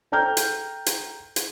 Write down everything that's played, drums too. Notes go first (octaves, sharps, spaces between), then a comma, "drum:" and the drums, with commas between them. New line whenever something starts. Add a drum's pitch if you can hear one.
A4 G5 A#5 F6 G6
drum: hi-hat
drum: hi-hat
drum: hi-hat